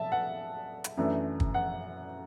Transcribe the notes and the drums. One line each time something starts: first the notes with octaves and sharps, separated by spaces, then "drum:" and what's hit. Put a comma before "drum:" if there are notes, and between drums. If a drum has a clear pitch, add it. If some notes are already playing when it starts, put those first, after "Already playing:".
Already playing: E5 A5
F#5
drum: hi-hat
F#2 E3 A3 D4
drum: kick
F#5